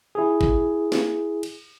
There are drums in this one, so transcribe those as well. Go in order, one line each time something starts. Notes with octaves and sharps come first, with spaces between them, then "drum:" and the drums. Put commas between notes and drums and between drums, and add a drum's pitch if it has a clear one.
E4 G#4
drum: kick
drum: snare
drum: cymbal